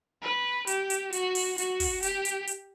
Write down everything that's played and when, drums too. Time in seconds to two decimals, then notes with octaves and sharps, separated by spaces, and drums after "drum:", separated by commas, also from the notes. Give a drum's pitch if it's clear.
0.22 B4
0.67 G4, drum: hi-hat
0.90 drum: hi-hat
1.13 F#4, drum: hi-hat
1.35 drum: open hi-hat
1.58 F#4, drum: hi-hat
1.80 drum: kick, open hi-hat
2.03 G4, drum: hi-hat
2.25 drum: hi-hat
2.47 drum: hi-hat